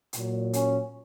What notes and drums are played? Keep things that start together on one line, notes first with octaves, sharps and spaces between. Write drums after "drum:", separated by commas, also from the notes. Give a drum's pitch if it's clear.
A#2 F#3, drum: hi-hat
C#4, drum: hi-hat